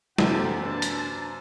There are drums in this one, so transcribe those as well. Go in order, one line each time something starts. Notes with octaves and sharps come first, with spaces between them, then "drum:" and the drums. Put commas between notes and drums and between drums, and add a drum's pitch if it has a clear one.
F#2 C3 E3 A#3 D4 G4 A4 F#5, drum: snare
D4 B4 A5
drum: hi-hat